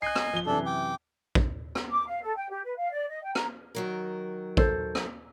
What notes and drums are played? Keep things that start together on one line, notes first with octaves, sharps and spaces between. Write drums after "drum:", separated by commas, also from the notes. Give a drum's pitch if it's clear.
D#5 G#5 F#6 C7
drum: rim click
F3 G7
F#2 C3 E3 D4 A4
G5 D6
drum: kick
drum: rim click
D6
F5
A4
G5
G4
B4
F5
D5
D#5
G5
A#5, drum: rim click
D#3 F#3 A#4
A4 C5, drum: kick
drum: rim click